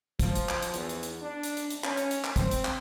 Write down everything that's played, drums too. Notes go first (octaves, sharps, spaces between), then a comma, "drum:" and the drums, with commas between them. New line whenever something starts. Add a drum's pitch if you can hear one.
F3, drum: kick, hi-hat
drum: hi-hat
drum: clap
drum: hi-hat
E2, drum: hi-hat
drum: hi-hat
drum: hi-hat
D4
drum: hi-hat
drum: hi-hat
drum: hi-hat
C#4, drum: clap
drum: hi-hat
drum: hi-hat
drum: clap
C4, drum: kick, hi-hat
drum: hi-hat
drum: clap